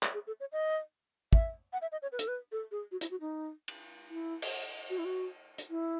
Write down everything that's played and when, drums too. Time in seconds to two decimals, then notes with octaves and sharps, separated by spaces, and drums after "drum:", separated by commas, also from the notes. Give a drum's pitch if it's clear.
0.03 drum: clap
0.14 G#4
0.27 A4
0.40 C#5
0.52 D#5
1.33 E5, drum: kick
1.73 F#5
1.82 E5
1.92 D#5
2.02 C#5
2.12 B4
2.19 A4, drum: hi-hat
2.28 B4
2.52 A4
2.71 G#4
2.92 F#4
3.01 E4, drum: hi-hat
3.11 F#4
3.21 D#4
3.68 drum: cymbal
4.10 E4
4.42 drum: cymbal
4.90 F#4
4.98 E4
5.05 F#4
5.58 drum: hi-hat
5.70 E4